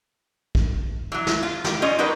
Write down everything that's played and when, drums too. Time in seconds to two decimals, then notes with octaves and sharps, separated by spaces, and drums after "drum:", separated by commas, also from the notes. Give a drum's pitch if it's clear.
0.55 drum: kick
1.12 E3 F#3
1.27 drum: snare
1.43 F4
1.64 G4, drum: snare
1.82 G3 C#4 F4 D#5
1.98 G3 D#4 F#4 A#4 B4